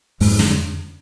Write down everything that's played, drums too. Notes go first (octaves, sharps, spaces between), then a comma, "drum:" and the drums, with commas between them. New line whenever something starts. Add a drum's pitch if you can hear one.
F2 G#2 G#3, drum: open hi-hat
D3, drum: snare